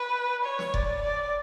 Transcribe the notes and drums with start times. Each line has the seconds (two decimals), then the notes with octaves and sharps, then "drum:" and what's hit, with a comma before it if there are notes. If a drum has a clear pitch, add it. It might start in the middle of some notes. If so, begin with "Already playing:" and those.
Already playing: B4
0.44 C#5
0.59 drum: snare
0.74 D5, drum: kick F1
1.03 D5